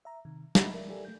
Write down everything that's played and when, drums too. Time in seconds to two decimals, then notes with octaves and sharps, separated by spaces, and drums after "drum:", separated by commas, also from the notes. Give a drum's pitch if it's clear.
0.05 E5 A#5
0.25 C3 D#3
0.55 D#4 D#5 E5 F#5 A#5 B5, drum: snare
0.74 A#4 D5 E5
0.89 G4 A4 A#4 D5 E5 G#5
1.05 A3 G6